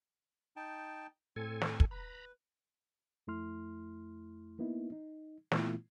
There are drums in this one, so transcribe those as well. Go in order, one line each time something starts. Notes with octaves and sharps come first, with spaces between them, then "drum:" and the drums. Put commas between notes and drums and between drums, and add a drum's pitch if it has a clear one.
D#4 G5 A5
A2 C4 A4 G#5
drum: snare
drum: kick
B4 A#5 B5
F2 A3 E4 C6 F6
A#3 B3 D#4 E4
D#4
A#2 E3 A3 B3 E4 F4, drum: snare